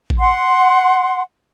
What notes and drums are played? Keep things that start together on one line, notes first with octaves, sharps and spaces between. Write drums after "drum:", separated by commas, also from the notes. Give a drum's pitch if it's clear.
drum: kick A1
F#5 C6